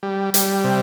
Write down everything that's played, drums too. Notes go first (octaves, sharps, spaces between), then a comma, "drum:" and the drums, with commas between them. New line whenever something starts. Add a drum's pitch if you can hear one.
G3
G3, drum: hi-hat
C3